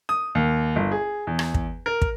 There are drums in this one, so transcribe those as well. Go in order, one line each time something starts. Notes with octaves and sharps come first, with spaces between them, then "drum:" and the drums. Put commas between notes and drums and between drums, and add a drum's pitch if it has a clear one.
D#6
D#2
G1
G#4
E2
drum: rim click
drum: kick
A#4
drum: kick